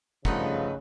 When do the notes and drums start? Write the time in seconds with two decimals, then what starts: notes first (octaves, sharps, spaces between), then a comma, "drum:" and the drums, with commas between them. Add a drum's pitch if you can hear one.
0.25 G2 C#3 F3 A3 D#4 B4 D#5 F#5, drum: kick